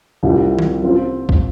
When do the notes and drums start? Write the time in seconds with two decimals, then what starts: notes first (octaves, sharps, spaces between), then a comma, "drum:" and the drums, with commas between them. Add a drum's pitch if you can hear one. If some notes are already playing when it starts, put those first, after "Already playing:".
0.23 C2 C3 F3 C4 G4
0.59 drum: tom D#3
0.83 F3 C4 F4 C5
1.29 drum: kick